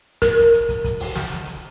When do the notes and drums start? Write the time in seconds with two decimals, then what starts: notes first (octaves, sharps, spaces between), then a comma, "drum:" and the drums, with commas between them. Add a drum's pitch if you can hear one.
0.22 A#4, drum: kick, hi-hat
0.38 drum: hi-hat
0.53 drum: hi-hat
0.69 drum: kick, hi-hat
0.84 drum: kick, hi-hat
1.00 drum: open hi-hat
1.16 drum: snare
1.31 drum: hi-hat
1.47 drum: hi-hat